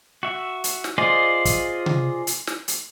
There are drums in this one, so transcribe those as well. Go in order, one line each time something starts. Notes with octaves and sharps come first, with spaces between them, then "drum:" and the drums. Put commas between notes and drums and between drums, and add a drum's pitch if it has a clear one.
F#4 E5
drum: hi-hat
drum: snare
F4 G#4 C5 D5 D#5
drum: kick, hi-hat
drum: tom C3
drum: hi-hat
drum: snare
drum: hi-hat